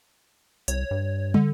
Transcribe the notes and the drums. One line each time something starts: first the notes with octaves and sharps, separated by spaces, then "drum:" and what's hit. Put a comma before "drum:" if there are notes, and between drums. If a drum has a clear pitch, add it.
C2 C#5, drum: hi-hat
G2
D3, drum: tom